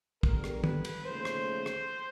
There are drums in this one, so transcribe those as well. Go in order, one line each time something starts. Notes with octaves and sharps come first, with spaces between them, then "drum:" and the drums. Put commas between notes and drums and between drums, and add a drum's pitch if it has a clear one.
G2 D3 G3 B3 A#4, drum: kick
drum: rim click
B4, drum: tom
drum: cymbal
D#2 C#3 F3 A3 C5
drum: rim click
drum: rim click